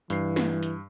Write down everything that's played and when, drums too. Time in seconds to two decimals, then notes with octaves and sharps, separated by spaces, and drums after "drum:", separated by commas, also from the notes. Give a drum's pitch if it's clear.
0.10 G2 E3 C7, drum: hi-hat
0.36 drum: snare
0.63 drum: hi-hat